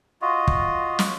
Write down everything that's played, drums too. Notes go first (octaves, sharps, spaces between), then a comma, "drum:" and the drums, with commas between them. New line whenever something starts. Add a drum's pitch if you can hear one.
F4 F#4 D#5
drum: kick
drum: snare